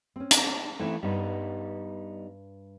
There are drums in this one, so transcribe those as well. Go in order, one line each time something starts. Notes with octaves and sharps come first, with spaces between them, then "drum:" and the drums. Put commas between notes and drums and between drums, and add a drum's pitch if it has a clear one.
C4 C#4
drum: hi-hat
E3 A3 C4 E4
G2 G3 B3 D#4